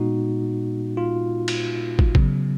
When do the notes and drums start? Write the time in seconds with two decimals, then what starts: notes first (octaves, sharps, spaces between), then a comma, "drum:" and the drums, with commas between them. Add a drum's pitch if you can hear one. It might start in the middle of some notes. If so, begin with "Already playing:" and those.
Already playing: A#2 G#3 B3 D#4 F#4
0.97 F4
1.48 drum: cymbal
1.99 drum: kick
2.15 C#3 F#3 B3, drum: kick